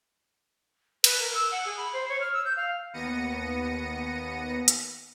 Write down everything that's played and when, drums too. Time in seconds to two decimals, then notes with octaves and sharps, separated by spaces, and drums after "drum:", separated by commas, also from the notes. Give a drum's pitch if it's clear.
1.04 B4, drum: cymbal
1.20 A#4
1.34 E6
1.51 F#5
1.65 G#4
1.77 B5
1.93 C5
2.09 C#5
2.20 F6
2.33 E6
2.45 G6
2.57 F5
2.93 D#2 B3 A#6 C#7 D#7
4.68 drum: hi-hat